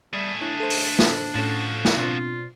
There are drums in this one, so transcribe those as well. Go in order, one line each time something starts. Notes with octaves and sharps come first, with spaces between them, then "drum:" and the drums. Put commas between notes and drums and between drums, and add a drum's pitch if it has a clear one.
G3 A3 G#4
D4 E4 C#5
A4 C5
drum: open hi-hat
drum: snare
A2 F3 C#4 F#4 A4
drum: snare
B2 C4 D4 F4